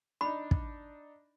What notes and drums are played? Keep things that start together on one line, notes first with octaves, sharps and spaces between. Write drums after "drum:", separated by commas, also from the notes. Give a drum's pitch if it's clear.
D4 D#4 B5
drum: kick